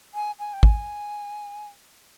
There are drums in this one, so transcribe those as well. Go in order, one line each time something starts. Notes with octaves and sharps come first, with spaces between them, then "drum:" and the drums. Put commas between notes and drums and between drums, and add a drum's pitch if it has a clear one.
G#5
G#5
G5
G#5, drum: kick